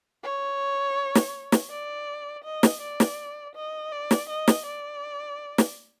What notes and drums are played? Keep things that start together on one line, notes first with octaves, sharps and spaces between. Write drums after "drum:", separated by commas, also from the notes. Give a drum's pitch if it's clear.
C#5
drum: snare
drum: snare
D5
D#5
drum: snare
D5
drum: snare
D#5
D5
drum: snare
D#5
drum: snare
D5
drum: snare